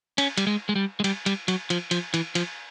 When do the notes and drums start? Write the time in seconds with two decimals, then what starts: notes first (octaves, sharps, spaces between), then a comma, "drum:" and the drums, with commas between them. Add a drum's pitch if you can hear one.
0.18 C#4, drum: cymbal
0.37 G3, drum: cymbal
0.47 G#3
0.69 G#3
0.75 G3
1.00 G#3
1.04 G3, drum: cymbal
1.26 G3, drum: cymbal
1.48 F#3, drum: cymbal
1.70 F3, drum: cymbal
1.91 F3, drum: cymbal
2.14 E3, drum: cymbal
2.35 F3, drum: cymbal